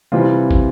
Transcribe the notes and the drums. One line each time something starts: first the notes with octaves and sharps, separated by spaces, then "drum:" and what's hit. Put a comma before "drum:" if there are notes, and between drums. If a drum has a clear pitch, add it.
C3 E3 G3 C4 F4
drum: kick